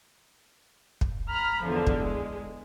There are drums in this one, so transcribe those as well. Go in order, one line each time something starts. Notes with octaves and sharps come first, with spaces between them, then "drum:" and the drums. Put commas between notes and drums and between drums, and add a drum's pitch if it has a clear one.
drum: kick
A#5 B5 F6
E2 D3 F3
drum: kick
G#3